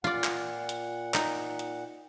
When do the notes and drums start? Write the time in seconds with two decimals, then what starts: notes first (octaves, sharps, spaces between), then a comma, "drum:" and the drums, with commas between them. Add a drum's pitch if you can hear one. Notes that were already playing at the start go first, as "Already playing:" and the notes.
0.04 A#2 F4 D5 F#5
0.24 drum: clap
0.69 drum: hi-hat
1.14 D#4, drum: clap
1.59 drum: hi-hat